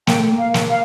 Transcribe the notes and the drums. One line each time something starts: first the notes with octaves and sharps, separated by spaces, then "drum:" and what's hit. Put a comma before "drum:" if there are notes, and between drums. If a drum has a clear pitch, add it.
A#3 G5, drum: snare
A3
A#3
F5
drum: snare
F5